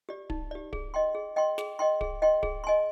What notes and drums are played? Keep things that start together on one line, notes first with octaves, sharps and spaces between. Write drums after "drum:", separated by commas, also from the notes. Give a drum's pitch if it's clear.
G4 D5
D#4, drum: kick D1
G4 D5
G#4, drum: kick D1
D#5 G5 C6
G#4
D#5 G5 C6
G#4, drum: snare
D#5 G5 C6
G#4, drum: kick D1
D#5 G5 C6
G#4, drum: kick D1
D#5 G#5 C6